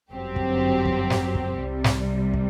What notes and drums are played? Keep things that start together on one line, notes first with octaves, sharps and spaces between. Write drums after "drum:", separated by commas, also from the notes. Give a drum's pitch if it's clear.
G1 F#2 F#3 C4 G4
drum: kick
drum: kick
drum: snare
drum: kick
C2 C3 G3
drum: snare
drum: kick